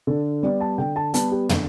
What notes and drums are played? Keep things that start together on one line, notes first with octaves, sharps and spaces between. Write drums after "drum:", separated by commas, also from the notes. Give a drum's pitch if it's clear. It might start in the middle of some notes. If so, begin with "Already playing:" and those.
D3 A4
G3 B3 D5
A5
D3 G5
A5
G3 B3 A5, drum: hi-hat
G4
D3, drum: tom